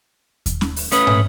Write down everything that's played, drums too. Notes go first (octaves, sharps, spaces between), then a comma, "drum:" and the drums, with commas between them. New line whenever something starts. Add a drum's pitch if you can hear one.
drum: kick D#2, hi-hat
drum: snare
drum: open hi-hat
A3 C#4 B4 D#6, drum: hi-hat
drum: tom